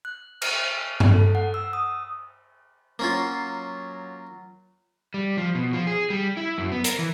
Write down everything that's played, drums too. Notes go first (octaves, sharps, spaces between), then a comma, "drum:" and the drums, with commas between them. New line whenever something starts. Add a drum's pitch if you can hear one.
F#6
F6, drum: cymbal
drum: tom G2
A4
F#5
E6
D#6
F#3 A#3 C#4 F4
G3
F3
B2
F3
G#4
G3
E4
F#2
B3
A#4, drum: hi-hat
E3